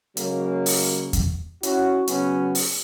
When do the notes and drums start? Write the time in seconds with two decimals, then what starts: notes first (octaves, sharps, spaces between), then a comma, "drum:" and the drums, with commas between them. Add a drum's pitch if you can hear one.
0.17 C#3 F#3 G#3 A#3, drum: hi-hat
0.66 drum: open hi-hat
1.13 drum: kick E2, hi-hat
1.63 C#4 E4 F#4, drum: hi-hat
2.08 C#3 F#3 B3 C#4, drum: hi-hat
2.55 drum: open hi-hat